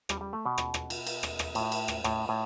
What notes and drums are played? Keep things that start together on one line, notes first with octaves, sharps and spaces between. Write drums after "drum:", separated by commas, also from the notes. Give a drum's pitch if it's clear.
G3, drum: rim click
G3
A3
B2
drum: rim click
drum: rim click
drum: cymbal
drum: cymbal
drum: rim click
drum: rim click
A2, drum: cymbal
drum: cymbal
drum: rim click
A2, drum: rim click
A2